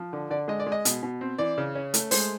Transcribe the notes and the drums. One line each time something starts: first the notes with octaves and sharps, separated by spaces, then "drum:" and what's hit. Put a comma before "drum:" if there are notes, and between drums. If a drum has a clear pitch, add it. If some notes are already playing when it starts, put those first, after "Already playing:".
Already playing: F3
D3
D3 D5
G#3 D#5
D5
G#3
D#5
B2, drum: hi-hat
B2
C4
E3 D5
C#3
C#4
A3, drum: hi-hat
G#3 C5, drum: open hi-hat